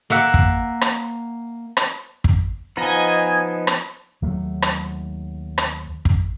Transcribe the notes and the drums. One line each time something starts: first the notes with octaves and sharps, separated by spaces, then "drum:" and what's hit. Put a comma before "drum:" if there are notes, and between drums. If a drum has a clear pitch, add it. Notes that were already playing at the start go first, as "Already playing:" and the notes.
A#3 E5 F#5
drum: kick
drum: rim click
drum: rim click
drum: kick
F3 B3 D#4 D#5 G#5
drum: rim click
D#2 F#3 A3
drum: rim click
drum: rim click
drum: kick